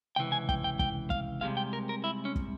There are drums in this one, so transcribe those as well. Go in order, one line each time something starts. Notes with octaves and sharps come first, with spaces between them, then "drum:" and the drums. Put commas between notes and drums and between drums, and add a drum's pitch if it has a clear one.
C#2 C3 E3 G5
G#5
G5, drum: kick
G5
G5, drum: kick
F5, drum: kick
C2 C3 F3 G#3 F5
G5
A#4
A#4
E4
C#4
drum: kick